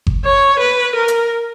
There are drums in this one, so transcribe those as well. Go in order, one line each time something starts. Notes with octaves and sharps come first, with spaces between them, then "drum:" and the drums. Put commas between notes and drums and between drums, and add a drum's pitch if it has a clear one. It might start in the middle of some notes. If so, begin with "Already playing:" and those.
drum: kick G1
C#5
B4
A#4
drum: hi-hat